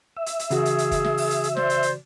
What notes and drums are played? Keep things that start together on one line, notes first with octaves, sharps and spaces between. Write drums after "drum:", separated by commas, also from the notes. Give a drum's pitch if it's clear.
E5
drum: hi-hat
drum: hi-hat
C#3 E3 F#4 G#4, drum: hi-hat
drum: hi-hat
drum: hi-hat
drum: kick F#1, hi-hat
drum: snare
drum: open hi-hat
drum: hi-hat
drum: hi-hat
C5 D5, drum: snare
drum: hi-hat
drum: hi-hat